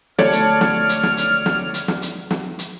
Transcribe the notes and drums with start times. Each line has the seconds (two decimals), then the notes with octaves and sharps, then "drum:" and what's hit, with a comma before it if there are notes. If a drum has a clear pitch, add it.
0.19 D2 A4 C#5 D5 F6, drum: snare
0.33 drum: hi-hat
0.61 drum: snare
0.89 drum: hi-hat
1.03 drum: snare
1.17 drum: hi-hat
1.46 drum: snare
1.74 drum: hi-hat
1.88 drum: snare
2.02 drum: hi-hat
2.31 drum: snare
2.59 drum: hi-hat